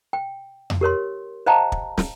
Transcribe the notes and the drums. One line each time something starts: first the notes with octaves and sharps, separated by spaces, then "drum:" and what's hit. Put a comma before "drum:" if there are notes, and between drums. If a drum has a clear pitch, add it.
G5
drum: tom F2
G4 A#4 C#5 C6
C5 D#5 F5 G5 A5 A#5
drum: kick
drum: snare